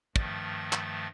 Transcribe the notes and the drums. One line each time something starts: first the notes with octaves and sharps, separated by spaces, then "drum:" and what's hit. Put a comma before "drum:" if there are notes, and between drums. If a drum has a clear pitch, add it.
G2 D#3 F3 A3 A6, drum: kick
drum: clap